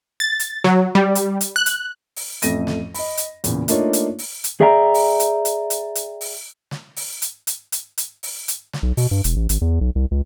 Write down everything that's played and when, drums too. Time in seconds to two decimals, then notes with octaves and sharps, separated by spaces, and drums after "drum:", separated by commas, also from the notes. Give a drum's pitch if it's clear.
0.20 A6
0.40 drum: hi-hat
0.64 F#3, drum: snare
0.95 G3
1.15 drum: hi-hat
1.41 drum: hi-hat
1.56 F#6
1.66 drum: hi-hat
2.16 drum: open hi-hat
2.42 A1 F2 A3 A#6 D#7, drum: hi-hat
2.67 drum: snare
2.94 D#5 B5, drum: open hi-hat
3.17 drum: hi-hat
3.44 E2 A#2 C#3, drum: hi-hat
3.68 A3 A#3 D4 D#4 F4 C#5, drum: hi-hat
3.93 drum: hi-hat
4.19 drum: open hi-hat
4.44 drum: hi-hat
4.61 G#4 D5 E5 G5 A#5
4.94 drum: open hi-hat
5.20 drum: hi-hat
5.45 drum: hi-hat
5.70 drum: hi-hat
5.95 drum: hi-hat
6.21 drum: open hi-hat
6.71 drum: snare
6.96 drum: open hi-hat
7.22 drum: hi-hat
7.47 drum: hi-hat
7.72 drum: hi-hat
7.98 drum: hi-hat
8.23 drum: open hi-hat
8.48 drum: hi-hat
8.73 drum: snare
8.83 B1
8.97 B2, drum: open hi-hat
9.11 G2
9.24 E1, drum: hi-hat
9.36 A1
9.49 G#1, drum: hi-hat
9.61 E2
9.81 B1
9.95 C2
10.11 C#2